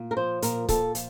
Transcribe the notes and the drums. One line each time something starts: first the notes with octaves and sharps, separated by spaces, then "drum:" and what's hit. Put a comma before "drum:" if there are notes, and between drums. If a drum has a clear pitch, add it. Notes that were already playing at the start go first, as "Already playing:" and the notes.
Already playing: A#2
A#4
F3 C5
A#2 A#4, drum: hi-hat
A#2 A4, drum: kick C#1, hi-hat
F3, drum: hi-hat